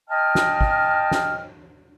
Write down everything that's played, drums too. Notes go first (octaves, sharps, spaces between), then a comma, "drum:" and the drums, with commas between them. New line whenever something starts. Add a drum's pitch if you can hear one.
D#5 G5 A5 F6
drum: snare
drum: kick
drum: snare